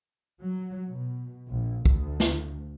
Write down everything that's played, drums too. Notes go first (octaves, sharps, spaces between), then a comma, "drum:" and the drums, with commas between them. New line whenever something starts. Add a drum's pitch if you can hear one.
F#3
B2
A#1
D2, drum: kick
drum: snare